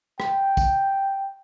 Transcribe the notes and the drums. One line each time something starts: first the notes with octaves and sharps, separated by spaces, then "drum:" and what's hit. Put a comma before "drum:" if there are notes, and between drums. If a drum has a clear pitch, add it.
G5, drum: rim click
drum: kick, tambourine